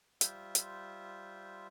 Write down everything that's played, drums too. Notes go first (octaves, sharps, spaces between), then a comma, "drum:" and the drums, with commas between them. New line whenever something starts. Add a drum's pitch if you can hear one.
G3 F4 C5 E5, drum: hi-hat
drum: hi-hat